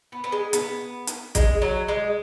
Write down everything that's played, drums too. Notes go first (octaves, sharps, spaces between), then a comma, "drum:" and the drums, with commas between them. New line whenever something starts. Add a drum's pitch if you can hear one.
B3
B3
G#3
B3, drum: hi-hat
drum: hi-hat
G#3, drum: kick, hi-hat
F#3
G#3